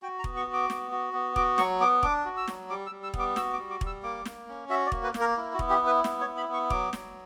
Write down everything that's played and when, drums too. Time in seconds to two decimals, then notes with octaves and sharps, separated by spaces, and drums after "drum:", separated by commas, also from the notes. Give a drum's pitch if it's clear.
0.02 F#4 G5
0.19 A#5
0.24 B3, drum: kick E1
0.36 C#6
0.47 F#4
0.53 D6
0.70 B3, drum: snare
0.92 F#4
1.13 B3
1.36 F#4 D6, drum: kick E1
1.58 F#3 C#6, drum: snare
1.80 B3 D6
2.03 D4 D6, drum: kick E1
2.25 F#4
2.37 E6
2.48 F#3, drum: snare
2.70 G3 D6
2.86 E6
2.91 G3
3.03 E6
3.14 B3, drum: kick E1
3.19 D6
3.36 F#4 E6, drum: snare
3.53 D6
3.58 G3
3.70 D6
3.81 G3, drum: kick E1
3.86 E6
4.03 A#3 D6
4.25 A#3, drum: snare
4.48 C#4
4.69 F#4 E5
4.86 D5
4.92 A#3, drum: kick E1
5.03 B4
5.14 A#3, drum: snare
5.20 A#4
5.37 E4
5.54 F#4
5.59 B3, drum: kick E1
5.70 G4
5.81 E4
5.86 B4
6.04 B3, drum: snare
6.21 C#5
6.26 E4
6.37 B5
6.48 B3 C#6
6.70 F#3 D6, drum: kick E1
6.93 F#3, drum: snare